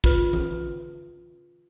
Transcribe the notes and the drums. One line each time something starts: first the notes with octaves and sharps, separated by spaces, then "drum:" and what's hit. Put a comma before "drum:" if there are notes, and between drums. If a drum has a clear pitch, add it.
F4 B4, drum: kick
drum: tom E3